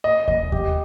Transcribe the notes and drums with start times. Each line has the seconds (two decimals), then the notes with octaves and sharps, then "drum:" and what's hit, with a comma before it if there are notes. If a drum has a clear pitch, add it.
0.04 D#5
0.28 D#5, drum: kick D#2
0.52 G4, drum: kick D#2